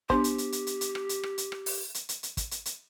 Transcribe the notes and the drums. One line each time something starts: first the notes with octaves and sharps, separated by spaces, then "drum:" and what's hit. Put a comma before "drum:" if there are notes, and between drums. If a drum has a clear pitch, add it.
B3 D4 G4 C5, drum: kick
drum: hi-hat
drum: hi-hat
drum: hi-hat
drum: hi-hat
drum: hi-hat
drum: rim click
drum: hi-hat
drum: rim click
drum: hi-hat
drum: rim click
drum: open hi-hat
drum: hi-hat
drum: hi-hat
drum: hi-hat
drum: kick, hi-hat
drum: hi-hat
drum: hi-hat